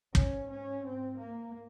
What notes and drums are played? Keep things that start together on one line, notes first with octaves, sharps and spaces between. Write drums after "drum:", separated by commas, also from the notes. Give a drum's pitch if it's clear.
G#2 C#4, drum: kick
C#4
G#2 C4
A#3